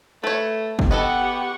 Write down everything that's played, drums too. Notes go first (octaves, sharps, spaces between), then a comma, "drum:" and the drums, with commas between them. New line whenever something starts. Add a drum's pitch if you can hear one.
A3 B4 C#5
drum: kick
B3 G4 A4 B4 D#5 F#5 C#6